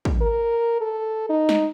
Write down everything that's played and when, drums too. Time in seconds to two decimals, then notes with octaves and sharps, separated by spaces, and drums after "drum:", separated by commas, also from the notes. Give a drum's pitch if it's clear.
0.05 drum: kick
0.21 A#4
0.81 A4
1.30 D#4
1.49 drum: snare